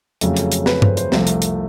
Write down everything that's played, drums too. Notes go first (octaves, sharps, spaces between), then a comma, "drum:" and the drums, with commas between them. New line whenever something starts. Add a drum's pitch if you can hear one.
F2 C#3 F#3 A3, drum: hi-hat
drum: hi-hat
drum: hi-hat
B4, drum: snare
C5, drum: tom G2
C5, drum: hi-hat
C2 C3 F3 A3, drum: snare
drum: hi-hat
drum: hi-hat